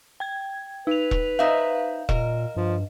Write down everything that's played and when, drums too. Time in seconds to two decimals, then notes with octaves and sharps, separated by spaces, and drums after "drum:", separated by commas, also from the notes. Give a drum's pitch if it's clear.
0.20 G5 G#6
0.87 D#4 B4 F7
1.11 drum: kick E1
1.39 D#4 C5 E5 F5
2.09 A#2 A#4 D#5, drum: kick E1
2.56 G2 F3